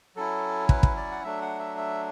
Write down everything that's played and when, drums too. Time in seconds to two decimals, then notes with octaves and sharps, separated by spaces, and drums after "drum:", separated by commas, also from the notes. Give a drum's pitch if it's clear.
0.16 F#3 C#4 E4 A4
0.69 B4, drum: kick
0.83 drum: kick
0.96 D5
1.11 F#5
1.23 F#3 A3 D4 E5
1.42 F#5
1.59 E5
1.77 E5